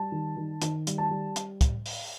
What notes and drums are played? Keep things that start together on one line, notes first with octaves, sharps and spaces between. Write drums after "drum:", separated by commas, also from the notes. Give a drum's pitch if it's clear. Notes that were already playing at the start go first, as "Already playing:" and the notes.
Already playing: G3 A5
D#3
D#3
D#3, drum: hi-hat
G3, drum: hi-hat
A5
G3
drum: hi-hat
drum: kick, hi-hat
drum: open hi-hat